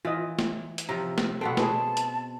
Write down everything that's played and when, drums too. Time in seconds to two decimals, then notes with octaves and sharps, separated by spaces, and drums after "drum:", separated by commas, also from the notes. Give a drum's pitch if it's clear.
0.05 E3 F4 D#5
0.39 drum: snare
0.78 drum: hi-hat
0.89 C3 F3 A#5
1.18 drum: snare
1.41 B2 B3 C4 A4 F#5
1.57 G#4 B4 A5, drum: snare
1.97 drum: hi-hat